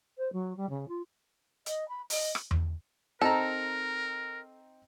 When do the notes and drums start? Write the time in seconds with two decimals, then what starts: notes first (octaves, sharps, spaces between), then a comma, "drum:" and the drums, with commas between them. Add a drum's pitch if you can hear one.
0.17 C5
0.32 F#3
0.56 G3
0.69 C#3
0.88 F4
1.66 D#5, drum: hi-hat
1.88 B5
2.10 D#5, drum: open hi-hat
2.35 drum: rim click
2.51 drum: tom E2
3.21 C4 D#4 A4 A#4 A#5